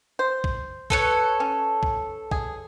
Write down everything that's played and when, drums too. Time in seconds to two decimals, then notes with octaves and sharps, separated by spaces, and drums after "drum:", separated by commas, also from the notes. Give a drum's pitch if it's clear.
0.19 C5
0.44 drum: kick B1
0.90 A4 B4 C#5, drum: kick B1
1.40 C#4
1.83 drum: kick B1
2.31 G#4, drum: kick B1